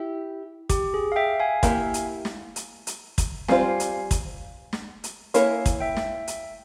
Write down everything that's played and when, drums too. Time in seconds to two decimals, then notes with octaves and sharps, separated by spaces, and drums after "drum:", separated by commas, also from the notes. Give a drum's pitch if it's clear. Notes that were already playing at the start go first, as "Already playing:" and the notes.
Already playing: E4 G4
0.69 G4, drum: kick, hi-hat
0.94 G#4
1.12 F5
1.16 E5 G5
1.40 F5 G#5
1.63 A#3 E4 G4, drum: kick, hi-hat
1.94 drum: hi-hat
2.25 drum: snare
2.56 drum: hi-hat
2.87 drum: hi-hat
3.18 drum: kick, hi-hat
3.48 G3 C4 F4 C5 F5 G#5, drum: snare
3.80 drum: hi-hat
4.11 drum: kick, hi-hat
4.73 drum: snare
5.04 drum: hi-hat
5.34 A#3 E4 A#4 C#5 F5 G#5, drum: hi-hat
5.66 drum: kick, hi-hat
5.80 E5 G5
5.97 drum: snare
6.28 drum: hi-hat